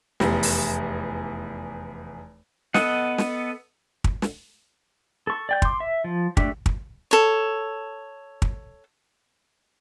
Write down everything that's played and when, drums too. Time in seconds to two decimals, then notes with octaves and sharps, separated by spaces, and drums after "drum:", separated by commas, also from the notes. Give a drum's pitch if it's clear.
0.20 F1 E2, drum: snare
0.43 drum: open hi-hat
2.74 B3 A4 D#5 F#5, drum: snare
3.18 drum: snare
4.04 drum: kick
4.22 drum: snare
5.27 A4 C#6
5.49 D5 G5 G6
5.62 C6 D6, drum: kick
5.80 E5
6.04 F3
6.37 A3 D4 G4, drum: kick
6.66 drum: kick
7.11 A4 C#5
8.42 drum: kick